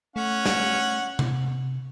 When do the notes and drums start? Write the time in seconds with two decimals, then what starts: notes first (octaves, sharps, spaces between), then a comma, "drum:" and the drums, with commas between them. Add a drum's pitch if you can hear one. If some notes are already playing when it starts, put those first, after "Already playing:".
0.16 A3 C#4 F#5
0.46 drum: snare
1.19 C3, drum: tom C3